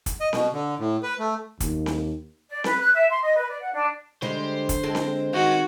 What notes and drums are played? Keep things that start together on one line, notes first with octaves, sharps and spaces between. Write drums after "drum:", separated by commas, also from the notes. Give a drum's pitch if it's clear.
drum: kick, hi-hat
D#5
B2, drum: snare C4
D3
A2
B4
A3
D#2, drum: kick, hi-hat
drum: snare C4
D5
B4, drum: snare C4
F#6
E5
C6
D#5
B4
D5
F#5
D4
D3 G3 G#3 C5
drum: kick, hi-hat
G#3 C4 A4
drum: snare C4
D#3 F#4 C5 D#5